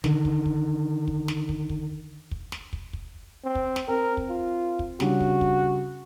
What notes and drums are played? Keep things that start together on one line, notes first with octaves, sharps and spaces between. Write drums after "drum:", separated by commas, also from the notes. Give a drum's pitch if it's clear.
D3 D#3, drum: snare
drum: kick
drum: kick
drum: kick
drum: snare
drum: kick
drum: kick
drum: kick
drum: snare
drum: kick
drum: kick
C4
drum: kick
drum: snare
C4 A#4
drum: kick
F4
drum: kick
C#3 G3 D4 F#4, drum: snare
drum: kick
drum: kick